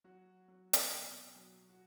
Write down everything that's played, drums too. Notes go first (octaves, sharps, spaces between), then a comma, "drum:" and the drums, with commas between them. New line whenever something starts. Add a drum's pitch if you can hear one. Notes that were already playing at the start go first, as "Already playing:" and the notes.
F#3 F#4
F#3
drum: hi-hat
B2
F#3
F#4